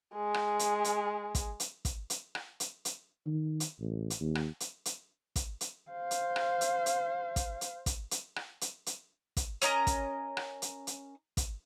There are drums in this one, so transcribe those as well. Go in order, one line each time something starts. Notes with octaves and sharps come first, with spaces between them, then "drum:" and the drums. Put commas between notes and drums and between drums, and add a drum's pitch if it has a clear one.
G#3 G#4
drum: rim click
drum: hi-hat
drum: hi-hat
drum: kick, hi-hat
drum: hi-hat
drum: kick, hi-hat
drum: hi-hat
drum: rim click
drum: hi-hat
drum: hi-hat
D#3
drum: hi-hat
A1
drum: hi-hat
D#2
drum: rim click
drum: hi-hat
drum: hi-hat
drum: kick, hi-hat
drum: hi-hat
C5 F5
drum: hi-hat
drum: rim click
drum: hi-hat
drum: hi-hat
drum: kick, hi-hat
drum: hi-hat
drum: kick, hi-hat
drum: hi-hat
drum: rim click
drum: hi-hat
drum: hi-hat
drum: kick, hi-hat
C#4 A#4 D#5 A#5, drum: hi-hat
drum: kick, hi-hat
drum: rim click
drum: hi-hat
drum: hi-hat
drum: kick, hi-hat